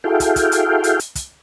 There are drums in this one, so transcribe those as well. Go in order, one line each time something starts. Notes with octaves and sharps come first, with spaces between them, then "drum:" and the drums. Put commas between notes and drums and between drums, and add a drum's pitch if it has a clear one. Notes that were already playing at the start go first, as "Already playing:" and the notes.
E4 F#4 G#4 A4 F5 G5
drum: kick, hi-hat
drum: kick, hi-hat
drum: hi-hat
drum: hi-hat
drum: hi-hat
drum: kick, hi-hat